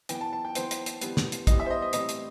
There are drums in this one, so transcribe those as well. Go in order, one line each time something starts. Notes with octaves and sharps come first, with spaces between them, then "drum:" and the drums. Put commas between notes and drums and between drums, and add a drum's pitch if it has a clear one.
E3 B3 G5, drum: hi-hat
A5
A5
G5
E3 B3 C5, drum: hi-hat
drum: hi-hat
drum: hi-hat
E3 G3 B3, drum: hi-hat
drum: snare
drum: hi-hat
E3 G3 B3 D#5, drum: kick, hi-hat
E5
C5
D#5
D#5
A2 E3 G3 C4 D#5, drum: hi-hat
drum: hi-hat